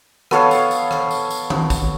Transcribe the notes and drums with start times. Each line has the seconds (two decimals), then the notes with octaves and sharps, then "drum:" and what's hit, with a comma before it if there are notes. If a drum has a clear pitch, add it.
0.31 B3 A4 C#5 F5, drum: rim click
0.51 drum: tambourine
0.71 drum: tambourine
0.91 drum: rim click
1.11 drum: tambourine
1.31 drum: tambourine
1.50 drum: tom D#3
1.70 drum: kick A1, tambourine